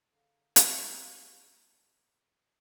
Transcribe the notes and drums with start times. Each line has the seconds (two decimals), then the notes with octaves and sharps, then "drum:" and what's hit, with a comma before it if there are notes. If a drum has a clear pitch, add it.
0.12 D3 D#4 G#4 C#5 F5 F#5 A#5 B5
0.56 drum: hi-hat
1.65 A5